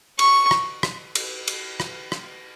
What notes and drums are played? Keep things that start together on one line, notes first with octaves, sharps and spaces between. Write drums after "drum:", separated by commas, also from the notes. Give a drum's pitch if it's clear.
C#6, drum: cymbal
drum: rim click
drum: rim click
drum: cymbal
drum: cymbal
drum: rim click
drum: rim click